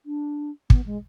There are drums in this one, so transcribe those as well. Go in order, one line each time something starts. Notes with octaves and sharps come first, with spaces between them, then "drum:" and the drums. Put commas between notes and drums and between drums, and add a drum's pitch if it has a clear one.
D4
B3, drum: kick
G#3